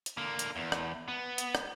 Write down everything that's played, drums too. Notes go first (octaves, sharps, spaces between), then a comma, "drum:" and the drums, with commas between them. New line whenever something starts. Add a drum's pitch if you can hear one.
drum: hi-hat
D3 A#3
drum: hi-hat
E2
drum: rim click
B3
drum: hi-hat
drum: rim click